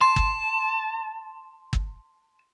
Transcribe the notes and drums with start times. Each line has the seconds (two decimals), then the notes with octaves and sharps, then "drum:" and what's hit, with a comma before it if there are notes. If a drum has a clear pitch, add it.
0.01 A5 C6
0.16 drum: kick
1.73 drum: kick